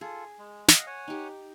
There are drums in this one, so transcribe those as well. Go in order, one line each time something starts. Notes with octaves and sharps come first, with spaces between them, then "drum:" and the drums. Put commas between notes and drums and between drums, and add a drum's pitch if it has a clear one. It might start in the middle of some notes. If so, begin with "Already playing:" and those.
F4 G#4 A4
G#3
D#5 F5 F#5, drum: snare
C#5 F#5 G#5
D#4 G4